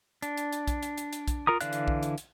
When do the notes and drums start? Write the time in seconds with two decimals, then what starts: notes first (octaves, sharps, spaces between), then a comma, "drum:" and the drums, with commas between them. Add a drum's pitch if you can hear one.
0.22 D4, drum: hi-hat
0.37 drum: hi-hat
0.52 drum: hi-hat
0.68 drum: kick B1, hi-hat
0.83 drum: hi-hat
0.98 drum: hi-hat
1.13 drum: hi-hat
1.28 drum: kick B1, hi-hat
1.47 F4 A#4 A#5 D#6
1.61 D3 E3 D5 F5 F#6, drum: hi-hat
1.73 drum: hi-hat
1.88 drum: kick B1
2.03 drum: hi-hat
2.18 drum: hi-hat